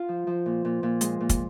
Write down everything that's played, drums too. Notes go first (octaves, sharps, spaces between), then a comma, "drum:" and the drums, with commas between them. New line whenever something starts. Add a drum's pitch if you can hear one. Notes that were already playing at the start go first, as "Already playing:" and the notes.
Already playing: F4
F3
F3
A#2
A#2
A#2
G#3, drum: hi-hat
A#2
drum: kick, hi-hat